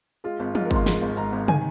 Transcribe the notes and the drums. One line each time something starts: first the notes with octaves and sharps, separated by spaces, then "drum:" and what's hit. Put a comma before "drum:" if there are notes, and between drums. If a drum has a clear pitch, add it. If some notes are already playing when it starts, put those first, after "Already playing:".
G#3 F4
G#1
G#2 F4, drum: tom
A#4
G#1, drum: kick
C6
G#3, drum: snare
G#1
G#2 A#5
G#1
D#3 G#5, drum: tom